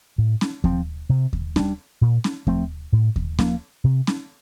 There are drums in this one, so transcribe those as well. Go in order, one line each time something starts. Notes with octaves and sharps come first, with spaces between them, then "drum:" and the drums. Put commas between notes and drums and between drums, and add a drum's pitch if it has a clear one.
A2
drum: snare C#4
F3 C4, drum: kick D#2
C3
drum: kick D#2
G3 D4, drum: snare C#4
A#2
drum: snare C#4
F3 A3 C4, drum: kick D#2
A2
drum: kick D#2
F3 A#3, drum: snare C#4
C3
drum: snare C#4